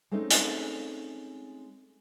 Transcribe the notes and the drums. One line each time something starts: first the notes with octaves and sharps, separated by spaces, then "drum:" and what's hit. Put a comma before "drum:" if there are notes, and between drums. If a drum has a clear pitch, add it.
G#3 A3 C4 C#4 D#4
drum: hi-hat